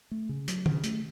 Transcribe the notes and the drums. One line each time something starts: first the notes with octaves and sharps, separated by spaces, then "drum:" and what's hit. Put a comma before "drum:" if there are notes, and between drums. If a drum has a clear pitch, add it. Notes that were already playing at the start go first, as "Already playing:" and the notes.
A3
C#3
F#3, drum: hi-hat
C#3, drum: tom
A3, drum: hi-hat